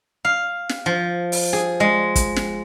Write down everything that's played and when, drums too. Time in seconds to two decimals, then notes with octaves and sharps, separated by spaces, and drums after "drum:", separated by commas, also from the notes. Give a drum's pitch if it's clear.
0.25 F5
0.69 drum: snare
0.86 F3
1.32 drum: open hi-hat
1.53 G#4
1.80 G#3
2.16 drum: kick, hi-hat
2.36 drum: snare